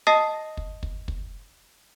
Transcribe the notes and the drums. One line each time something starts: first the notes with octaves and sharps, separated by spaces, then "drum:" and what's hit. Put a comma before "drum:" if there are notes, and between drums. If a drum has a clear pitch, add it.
D#5 A5 D#6 A#6 C7
drum: kick
drum: kick
drum: kick